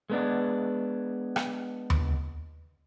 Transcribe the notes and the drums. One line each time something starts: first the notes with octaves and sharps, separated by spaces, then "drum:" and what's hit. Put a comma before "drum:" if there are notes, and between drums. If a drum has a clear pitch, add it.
G#3 B3 D4
drum: rim click
drum: tom D#2